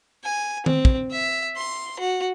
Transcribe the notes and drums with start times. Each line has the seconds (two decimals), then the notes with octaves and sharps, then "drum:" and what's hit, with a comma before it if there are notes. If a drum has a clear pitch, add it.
0.24 G#5
0.66 C4, drum: tom D#3
0.85 drum: kick
1.11 E5
1.56 C6
2.00 F#4